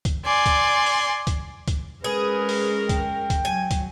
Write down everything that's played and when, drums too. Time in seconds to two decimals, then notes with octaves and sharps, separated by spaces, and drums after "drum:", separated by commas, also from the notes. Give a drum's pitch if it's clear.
0.05 drum: kick, hi-hat
0.26 D5 G#5 C6
0.46 drum: kick, hi-hat
0.86 drum: open hi-hat
1.27 drum: kick, hi-hat
1.68 drum: kick, hi-hat
2.04 G#3 C#4 G#4 A#4 B4
2.49 drum: open hi-hat
2.89 G5, drum: kick, hi-hat
3.30 drum: kick, hi-hat
3.45 F#3 G#5
3.71 drum: kick, hi-hat